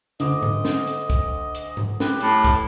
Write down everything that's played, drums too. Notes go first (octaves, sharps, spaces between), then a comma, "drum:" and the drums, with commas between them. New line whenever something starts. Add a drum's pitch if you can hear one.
D2 D#5 D6, drum: hi-hat
drum: tom G#2
drum: snare
drum: hi-hat
drum: kick C2, hi-hat
drum: hi-hat
drum: tom G#2
G4 B4, drum: snare
A2, drum: hi-hat
drum: kick C2, hi-hat